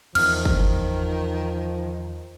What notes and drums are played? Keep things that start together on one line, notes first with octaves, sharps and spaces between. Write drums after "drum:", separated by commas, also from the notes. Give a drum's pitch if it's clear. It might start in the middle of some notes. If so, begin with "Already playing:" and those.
E2 D#3 F3 F6, drum: cymbal
drum: kick